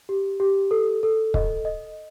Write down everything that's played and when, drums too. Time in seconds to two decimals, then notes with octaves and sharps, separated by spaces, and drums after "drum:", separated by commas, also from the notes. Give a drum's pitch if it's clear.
0.09 G4
0.40 G4
0.71 A4
1.03 A4
1.34 D#5, drum: kick
1.65 D#5